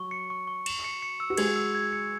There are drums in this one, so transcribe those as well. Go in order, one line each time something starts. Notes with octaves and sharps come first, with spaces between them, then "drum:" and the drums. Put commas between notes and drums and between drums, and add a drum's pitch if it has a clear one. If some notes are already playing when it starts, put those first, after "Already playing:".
Already playing: F#3 C#6
C#7
C#6
C#6
E7, drum: cymbal
C#7
C#7
E6
F#4
G#3 G#4 G#6, drum: cymbal
E6
G#6
C#7